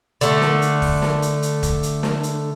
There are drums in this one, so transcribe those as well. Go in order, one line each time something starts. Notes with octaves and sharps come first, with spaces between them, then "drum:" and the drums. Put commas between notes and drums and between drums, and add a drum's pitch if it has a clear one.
D3 A3, drum: hi-hat
drum: snare
drum: hi-hat
drum: kick E1, open hi-hat
drum: snare
drum: hi-hat
drum: hi-hat
drum: kick E1, hi-hat
drum: hi-hat
drum: snare
drum: hi-hat